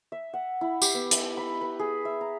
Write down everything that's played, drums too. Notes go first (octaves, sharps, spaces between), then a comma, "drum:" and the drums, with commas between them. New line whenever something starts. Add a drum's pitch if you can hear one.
E5
F#5
E4
G4, drum: tambourine
B3
E5, drum: hi-hat
B5
B4
G#4
E5
A#5